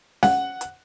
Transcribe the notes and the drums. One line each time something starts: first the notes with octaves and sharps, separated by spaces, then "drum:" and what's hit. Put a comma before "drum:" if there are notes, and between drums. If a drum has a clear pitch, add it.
F#5, drum: snare C#4
drum: hi-hat